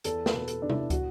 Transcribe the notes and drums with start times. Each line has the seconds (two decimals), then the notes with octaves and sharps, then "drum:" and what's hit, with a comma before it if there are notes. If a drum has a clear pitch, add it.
0.04 E2 A4, drum: hi-hat
0.26 B4, drum: snare A#4
0.33 B2
0.48 A4, drum: hi-hat
0.62 E2 D4
0.69 E4, drum: tom C3
0.90 F#4, drum: kick, hi-hat